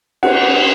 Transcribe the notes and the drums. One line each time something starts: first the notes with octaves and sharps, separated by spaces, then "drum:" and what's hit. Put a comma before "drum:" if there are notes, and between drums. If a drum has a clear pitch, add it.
F#5, drum: cymbal